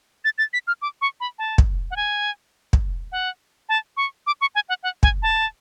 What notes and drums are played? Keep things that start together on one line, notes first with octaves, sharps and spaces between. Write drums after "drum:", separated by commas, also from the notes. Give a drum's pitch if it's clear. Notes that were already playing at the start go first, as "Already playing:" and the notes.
A6
A6
B6
F6
D6
C#6
B5
A5
drum: kick
F#5
G#5
drum: kick
F#5
A5
C#6
D6
C#6
G#5
F#5
F#5
G#5, drum: kick
A5